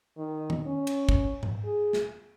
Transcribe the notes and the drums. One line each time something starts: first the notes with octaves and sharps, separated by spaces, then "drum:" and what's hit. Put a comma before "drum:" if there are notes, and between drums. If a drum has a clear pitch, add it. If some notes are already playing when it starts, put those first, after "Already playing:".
D#3
drum: tom D#3
C#4
drum: cymbal
drum: kick
drum: tom G#2
G#4
drum: snare